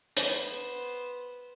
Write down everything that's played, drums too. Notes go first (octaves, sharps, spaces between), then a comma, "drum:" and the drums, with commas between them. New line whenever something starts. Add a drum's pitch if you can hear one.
B3 C5, drum: hi-hat